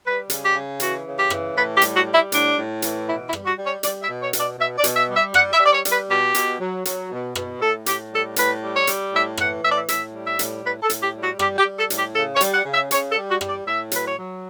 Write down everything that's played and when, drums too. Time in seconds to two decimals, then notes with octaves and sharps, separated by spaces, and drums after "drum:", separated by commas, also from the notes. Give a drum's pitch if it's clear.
0.05 G3 B4
0.30 C#3, drum: hi-hat
0.42 G4
0.55 C#3
0.80 E3 F#4, drum: hi-hat
1.06 C#3
1.18 G4
1.30 E3, drum: rim click
1.56 A2 B4
1.75 G4
1.82 G3, drum: hi-hat
1.94 F#4
2.06 G3
2.13 E4
2.32 A2 D4, drum: hi-hat
2.57 A2
2.82 E3, drum: hi-hat
3.07 B2 E4
3.26 E4
3.33 G3, drum: rim click
3.45 F#4
3.57 G3
3.64 C#5
3.83 G3 D5, drum: hi-hat
4.02 E5
4.08 B2
4.21 C#5
4.33 B2, drum: hi-hat
4.40 D5
4.58 B2 E5
4.78 D5
4.84 B2, drum: hi-hat
4.96 E5
5.09 G3
5.15 E5
5.34 G3 F#5, drum: rim click
5.53 E5
5.60 G3 D5
5.72 C#5
5.85 G3, drum: hi-hat
5.91 B4
6.09 B2 G4
6.35 B2, drum: hi-hat
6.60 F#3
6.85 F#3, drum: hi-hat
7.11 B2
7.35 B2, drum: rim click
7.61 A2 A4
7.86 A2 G4, drum: hi-hat
8.12 G3 A4
8.36 A2 B4, drum: hi-hat
8.62 G3
8.75 C#5
8.87 G3, drum: hi-hat
9.12 A2 E5
9.37 E3 F#5, drum: rim click
9.63 A2 E5
9.70 D5
9.77 E5
9.88 A2 E5, drum: hi-hat
10.14 G3
10.26 E5
10.39 A2, drum: hi-hat
10.64 A2 B4
10.82 A4
10.90 A2, drum: hi-hat
11.02 G4
11.15 G3
11.21 F#4
11.39 G3 G4, drum: rim click
11.58 G4
11.65 G3
11.77 A4
11.90 A2, drum: hi-hat
11.96 G4
12.15 C#3 A4
12.34 C#5
12.41 G3, drum: hi-hat
12.53 F#5
12.65 C#3
12.72 E5
12.91 C#3 C#5, drum: hi-hat
13.10 A4
13.16 G3
13.29 F#4
13.41 G3, drum: rim click
13.48 D5
13.67 A2 E5
13.91 F#3 B4, drum: hi-hat
14.05 C#5
14.17 F#3